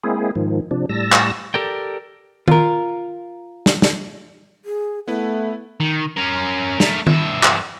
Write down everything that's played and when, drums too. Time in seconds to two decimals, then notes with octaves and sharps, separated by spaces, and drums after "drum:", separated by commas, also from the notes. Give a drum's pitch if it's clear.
0.04 G#3 A#3 C4 E4 G#4
0.35 G#2 D#3 F3
0.71 C3 F3 D4
0.89 A2 G3 A5 E6 A#6
1.12 drum: clap
1.54 G4 A4 A#4 D5 G5
2.48 F4 A#4, drum: tom D#3
3.66 drum: snare
3.82 drum: snare
4.65 G#4
5.08 A3 B3 E4 B4 F#5
5.80 D#3
6.17 C#4 A#4
6.80 A3 A#4, drum: snare
7.07 G2 E5, drum: tom D#3
7.43 drum: clap